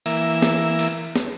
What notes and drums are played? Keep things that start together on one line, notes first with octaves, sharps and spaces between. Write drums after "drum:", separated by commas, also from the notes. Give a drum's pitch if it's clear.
E3 A#3 E5, drum: cymbal
drum: snare
drum: cymbal
drum: snare